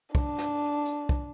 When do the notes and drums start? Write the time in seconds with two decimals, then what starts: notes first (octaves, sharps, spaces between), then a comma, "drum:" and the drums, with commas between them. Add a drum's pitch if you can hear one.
0.15 D4, drum: kick
0.38 drum: snare
0.86 drum: hi-hat
1.09 drum: kick